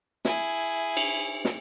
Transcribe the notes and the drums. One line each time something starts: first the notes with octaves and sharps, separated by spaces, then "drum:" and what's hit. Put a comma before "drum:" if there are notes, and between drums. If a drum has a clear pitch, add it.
E4 G#4, drum: snare
drum: cymbal
drum: snare